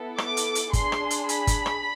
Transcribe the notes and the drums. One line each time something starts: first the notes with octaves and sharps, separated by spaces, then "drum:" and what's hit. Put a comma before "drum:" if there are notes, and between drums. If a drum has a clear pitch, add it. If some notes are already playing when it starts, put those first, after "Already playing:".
Already playing: B3 E4 A4
D6, drum: rim click
drum: hi-hat
drum: hi-hat
D4 G#4 C6, drum: kick G1, hi-hat
drum: rim click
drum: hi-hat
B5, drum: hi-hat
drum: kick G1, hi-hat
drum: rim click